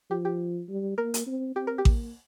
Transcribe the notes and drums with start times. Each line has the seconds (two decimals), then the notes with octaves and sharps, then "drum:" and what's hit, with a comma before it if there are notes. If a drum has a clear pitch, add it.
0.10 F3 G4
0.25 G4
0.69 G3
0.98 A#3 A#4
1.14 drum: hi-hat
1.27 C4
1.56 C4 G4
1.67 A#4
1.78 G4
1.85 A#3, drum: kick A1